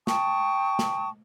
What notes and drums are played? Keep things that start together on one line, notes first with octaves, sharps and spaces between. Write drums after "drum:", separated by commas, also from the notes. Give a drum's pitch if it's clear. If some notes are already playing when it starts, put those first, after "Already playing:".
G5 A5 C#6 D#6, drum: snare
drum: snare